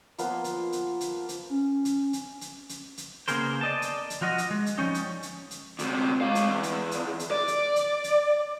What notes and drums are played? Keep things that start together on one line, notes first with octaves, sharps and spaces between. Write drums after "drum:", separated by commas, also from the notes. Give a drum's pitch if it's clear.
F3 A#3 B3 C6, drum: hi-hat
drum: hi-hat
drum: hi-hat
drum: hi-hat
drum: hi-hat
C#4
drum: hi-hat
drum: hi-hat
drum: hi-hat
drum: hi-hat
drum: hi-hat
C#3 A#3 B3 G#4 A#4 C5, drum: hi-hat
D5 D#5 A5
drum: hi-hat
drum: hi-hat
F3 F4 F#4 D#5
drum: hi-hat
G#3
drum: hi-hat
F3 G3 C#4 D#4
drum: hi-hat
drum: hi-hat
drum: hi-hat
D2 C3, drum: hi-hat
G#3 F5
drum: hi-hat
E2
drum: hi-hat
drum: hi-hat
drum: hi-hat
D5
drum: hi-hat
drum: hi-hat
drum: hi-hat